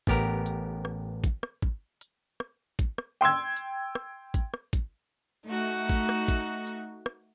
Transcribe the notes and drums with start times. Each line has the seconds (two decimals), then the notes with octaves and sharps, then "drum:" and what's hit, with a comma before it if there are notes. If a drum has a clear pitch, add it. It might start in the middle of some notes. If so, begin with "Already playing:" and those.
0.07 A1 B3 G4 A#4, drum: kick, hi-hat
0.46 drum: hi-hat
0.85 drum: rim click
1.24 drum: kick, hi-hat
1.43 drum: rim click
1.62 drum: kick
2.01 drum: hi-hat
2.40 drum: rim click
2.79 drum: kick, hi-hat
2.98 drum: rim click
3.21 G5 C6 E6 G#6
3.57 drum: hi-hat
3.95 drum: rim click
4.34 drum: kick, hi-hat
4.54 drum: rim click
4.73 drum: kick, hi-hat
5.47 A3 D#4 F#4
5.89 drum: kick, hi-hat
6.09 drum: rim click
6.28 drum: kick, hi-hat
6.67 drum: hi-hat
7.06 drum: rim click